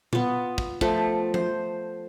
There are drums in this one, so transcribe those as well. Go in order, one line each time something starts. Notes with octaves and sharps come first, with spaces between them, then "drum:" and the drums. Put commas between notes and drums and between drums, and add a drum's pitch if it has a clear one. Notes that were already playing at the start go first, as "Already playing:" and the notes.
B3 F4, drum: tom A#2
drum: kick
F3 A3, drum: kick
C5, drum: tom F3